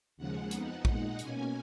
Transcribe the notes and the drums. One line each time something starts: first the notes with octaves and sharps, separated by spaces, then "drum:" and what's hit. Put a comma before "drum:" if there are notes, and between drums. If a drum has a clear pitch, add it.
D#2 C#3 F3 G#3 F#5
F2 F3 B3 D#4, drum: hi-hat
A#2 G#3 D#4 F#5, drum: kick
B2 A#3 C#4 G#5, drum: hi-hat